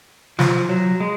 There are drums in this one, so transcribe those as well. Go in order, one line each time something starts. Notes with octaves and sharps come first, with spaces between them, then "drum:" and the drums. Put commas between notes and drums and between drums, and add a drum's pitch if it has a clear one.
F3, drum: snare
F#3
G#3